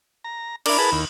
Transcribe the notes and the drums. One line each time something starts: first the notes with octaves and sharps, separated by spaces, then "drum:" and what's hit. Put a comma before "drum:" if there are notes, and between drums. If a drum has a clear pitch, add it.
A#5
D4 E4 A#4 D5, drum: cymbal
G#4 B4 A5
D#2